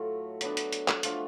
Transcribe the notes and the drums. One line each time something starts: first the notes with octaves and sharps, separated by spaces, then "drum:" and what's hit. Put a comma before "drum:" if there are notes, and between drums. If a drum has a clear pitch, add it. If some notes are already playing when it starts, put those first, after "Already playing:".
Already playing: A2 F#3 A3 F4
F#3 B3 D4, drum: hi-hat
drum: hi-hat
drum: hi-hat
drum: clap
F3 A3 D4 F4, drum: hi-hat